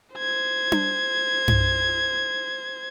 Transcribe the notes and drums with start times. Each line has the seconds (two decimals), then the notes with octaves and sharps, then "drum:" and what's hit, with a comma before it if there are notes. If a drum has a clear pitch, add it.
0.15 C5 G#6
0.72 drum: tom D4
1.48 drum: tom G2